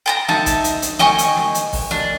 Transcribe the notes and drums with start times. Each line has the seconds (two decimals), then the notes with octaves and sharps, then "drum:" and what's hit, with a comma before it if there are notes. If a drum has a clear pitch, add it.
0.06 G5 A5 A#5
0.29 D#4 E5 A5, drum: snare
0.46 drum: kick, hi-hat
0.64 drum: hi-hat
0.82 drum: hi-hat
0.99 D#5 G5 G#5 C#6, drum: snare
1.18 drum: hi-hat
1.37 drum: snare
1.55 drum: hi-hat
1.73 drum: kick, open hi-hat
1.91 D4, drum: snare